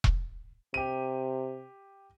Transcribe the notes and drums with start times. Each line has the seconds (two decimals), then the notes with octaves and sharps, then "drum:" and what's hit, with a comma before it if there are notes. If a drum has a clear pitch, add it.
0.04 drum: kick E1
0.74 C3 G4 D#7